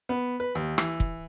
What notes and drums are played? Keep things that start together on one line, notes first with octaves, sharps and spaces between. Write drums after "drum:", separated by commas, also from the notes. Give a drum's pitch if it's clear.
B3
B4
D#2
E3, drum: rim click
drum: kick